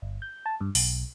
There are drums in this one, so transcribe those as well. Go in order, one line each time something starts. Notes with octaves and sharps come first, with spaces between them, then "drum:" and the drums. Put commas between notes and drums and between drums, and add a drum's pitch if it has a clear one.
G1
G6
A5
G2
B1, drum: open hi-hat